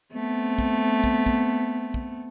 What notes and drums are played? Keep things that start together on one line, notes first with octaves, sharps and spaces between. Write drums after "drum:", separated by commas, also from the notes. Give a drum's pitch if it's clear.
A3 B3 C4
drum: kick
drum: kick
drum: kick
drum: kick